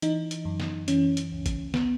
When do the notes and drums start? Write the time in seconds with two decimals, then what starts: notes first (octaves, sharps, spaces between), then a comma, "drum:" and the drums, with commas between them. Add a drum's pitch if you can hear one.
0.02 E3 D#4, drum: hi-hat
0.31 drum: hi-hat
0.45 F#2
0.60 drum: snare
0.88 E3 C#4, drum: hi-hat
1.17 drum: hi-hat
1.32 C#2
1.46 drum: kick, hi-hat
1.74 B3, drum: snare